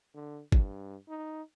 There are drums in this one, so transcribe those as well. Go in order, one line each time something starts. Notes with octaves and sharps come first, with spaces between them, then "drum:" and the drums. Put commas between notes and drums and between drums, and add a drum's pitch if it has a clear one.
D3
G2, drum: kick G#1
D#4